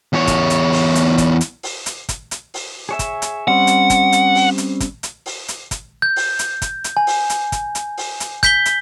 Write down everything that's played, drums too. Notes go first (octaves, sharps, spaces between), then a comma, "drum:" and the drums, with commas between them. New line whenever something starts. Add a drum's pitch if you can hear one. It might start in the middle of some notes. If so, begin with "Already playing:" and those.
E2 C#5
drum: kick, hi-hat
drum: hi-hat
drum: open hi-hat
drum: hi-hat
drum: kick, hi-hat
drum: hi-hat
drum: open hi-hat
drum: hi-hat
drum: kick, hi-hat
drum: hi-hat
drum: open hi-hat
G#4 C#5 E5
drum: kick, hi-hat
drum: hi-hat
G3 C4 C#4 F#5
drum: hi-hat
drum: kick, hi-hat
drum: hi-hat
drum: open hi-hat
drum: hi-hat
drum: kick, hi-hat
drum: hi-hat
drum: open hi-hat
drum: hi-hat
drum: kick, hi-hat
G6
drum: open hi-hat
drum: hi-hat
drum: kick, hi-hat
drum: hi-hat
G#5
drum: open hi-hat
drum: hi-hat
drum: kick, hi-hat
drum: hi-hat
drum: open hi-hat
drum: hi-hat
G6 B6 G7, drum: kick, hi-hat
drum: hi-hat